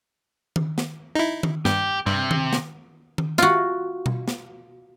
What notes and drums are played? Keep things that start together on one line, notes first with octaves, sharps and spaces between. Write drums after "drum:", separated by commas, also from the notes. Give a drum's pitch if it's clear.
drum: tom D#3
drum: snare
D#4 E4
drum: tom D#3
G2 G4, drum: snare
G2 C3
drum: tom D#3
drum: snare
drum: tom D#3
F4 F#4, drum: snare
drum: tom B2
drum: snare